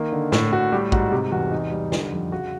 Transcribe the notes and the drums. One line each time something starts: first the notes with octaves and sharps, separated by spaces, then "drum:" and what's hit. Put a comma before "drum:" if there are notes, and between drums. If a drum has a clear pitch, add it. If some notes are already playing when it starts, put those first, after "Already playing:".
Already playing: D#3 A#3
D3
A2, drum: snare
A2 F#4
G3 G4
G#2 F#4, drum: kick
C3 G4
E2 F#4
D#4
G3
D3, drum: snare
F2
C#3 F#4